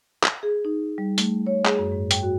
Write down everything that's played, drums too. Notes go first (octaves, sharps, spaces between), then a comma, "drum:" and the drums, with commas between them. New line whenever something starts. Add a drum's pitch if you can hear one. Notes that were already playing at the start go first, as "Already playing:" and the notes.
drum: clap
G#4
D#4
G3
A3, drum: hi-hat
C#5
G#4, drum: clap
F#2
G#2
G5, drum: hi-hat
F#4